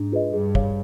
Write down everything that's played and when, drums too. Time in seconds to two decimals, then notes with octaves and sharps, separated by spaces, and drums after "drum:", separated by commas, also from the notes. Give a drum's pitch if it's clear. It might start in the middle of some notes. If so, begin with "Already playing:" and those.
Already playing: G#2 D4
0.12 F4 G#4 B4 D#5
0.33 G2 G#4
0.55 C#5 F5, drum: kick